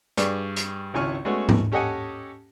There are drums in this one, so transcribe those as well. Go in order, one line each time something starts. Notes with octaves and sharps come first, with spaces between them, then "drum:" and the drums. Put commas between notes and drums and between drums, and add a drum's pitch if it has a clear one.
G2 G#4 B4 D5 C#6, drum: hi-hat
drum: hi-hat
G#1 C#2 E4 G#5 C#6 F6
G#3 A3 B3 C#4 F#4
drum: tom G#2
C#4 G4 A4 D#5 F#5 G#5